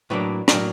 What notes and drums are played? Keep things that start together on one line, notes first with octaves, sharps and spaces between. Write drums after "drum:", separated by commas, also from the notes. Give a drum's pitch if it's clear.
A2 F#3 A#3 D4 B4
A2 F#3 A#3 D4, drum: rim click